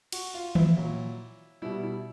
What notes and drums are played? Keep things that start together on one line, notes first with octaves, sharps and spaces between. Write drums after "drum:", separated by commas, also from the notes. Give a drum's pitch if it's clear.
F#4, drum: cymbal
F4
E4, drum: tom D#3
A#2 F#3
B2 G3 E4
E4